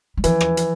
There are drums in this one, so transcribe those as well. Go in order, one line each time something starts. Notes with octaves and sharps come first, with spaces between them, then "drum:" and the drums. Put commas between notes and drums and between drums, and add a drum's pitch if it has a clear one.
G3
E3 F3, drum: hi-hat
drum: rim click
drum: hi-hat